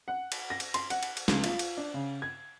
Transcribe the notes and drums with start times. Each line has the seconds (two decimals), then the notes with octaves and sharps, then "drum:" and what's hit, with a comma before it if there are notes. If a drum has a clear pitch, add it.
0.08 F#5
0.32 drum: cymbal
0.50 A#6
0.60 drum: cymbal
0.74 C6, drum: cymbal
0.90 F#5, drum: cymbal
1.03 drum: cymbal
1.17 drum: cymbal
1.28 C#2, drum: snare
1.44 F4, drum: cymbal
1.59 drum: cymbal
1.77 D4
1.94 C#3
2.22 G#6